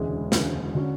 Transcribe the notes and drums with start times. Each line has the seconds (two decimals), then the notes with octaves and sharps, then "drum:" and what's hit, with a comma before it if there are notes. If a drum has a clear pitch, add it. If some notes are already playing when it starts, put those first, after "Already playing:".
Already playing: E1 D2 C#3 E3 G#3
0.32 E1 D2 C#3 E3 G#3, drum: snare
0.74 D3 F#3 C#4